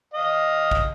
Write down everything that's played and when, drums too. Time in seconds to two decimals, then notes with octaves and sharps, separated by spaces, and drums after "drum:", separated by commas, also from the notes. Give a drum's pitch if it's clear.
0.14 D#5 F5
0.71 drum: kick